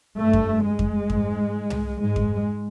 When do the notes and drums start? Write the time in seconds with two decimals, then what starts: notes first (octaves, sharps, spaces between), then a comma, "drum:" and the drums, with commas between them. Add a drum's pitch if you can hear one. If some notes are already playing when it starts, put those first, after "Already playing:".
0.18 G2 A3
0.33 drum: kick F2
0.64 G#3
0.79 drum: kick F2
1.10 G#2, drum: kick F2
1.70 drum: tom C2
2.00 G#2 G#3
2.16 drum: kick F2